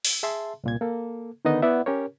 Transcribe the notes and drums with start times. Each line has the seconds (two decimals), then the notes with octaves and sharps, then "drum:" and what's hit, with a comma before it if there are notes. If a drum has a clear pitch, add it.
0.05 drum: open hi-hat
0.23 G#4 E5 A5 C6
0.64 C2 A#2 G#6
0.81 A#3 A4
1.45 D3 D#3 B3 D#4 D#5 D#6
1.62 B3 E4 D5 E5 F#5
1.86 C#4 G4 A#4 C#5